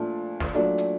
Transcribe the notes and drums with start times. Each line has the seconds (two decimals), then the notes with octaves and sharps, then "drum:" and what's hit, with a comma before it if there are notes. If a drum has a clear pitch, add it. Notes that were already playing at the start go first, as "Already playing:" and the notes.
Already playing: A#2 F3 A3 D4
0.40 drum: snare
0.54 A#2 F#3 A3 D4
0.78 drum: hi-hat